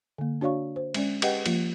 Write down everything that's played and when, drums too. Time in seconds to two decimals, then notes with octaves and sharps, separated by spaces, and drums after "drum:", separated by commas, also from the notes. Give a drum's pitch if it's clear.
0.18 D3 A#3
0.41 D4 F#4 C#5 D5 F5 C#6
0.76 C5
0.94 G#3 C#4 D5, drum: cymbal
1.22 G4 B4 D#5 F#5 G5, drum: cymbal
1.46 F3 A#3 F4, drum: cymbal